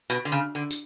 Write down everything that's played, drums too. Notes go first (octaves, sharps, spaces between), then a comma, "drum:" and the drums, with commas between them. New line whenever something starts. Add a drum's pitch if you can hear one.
B2, drum: tambourine
D3
C#3
D3
drum: tambourine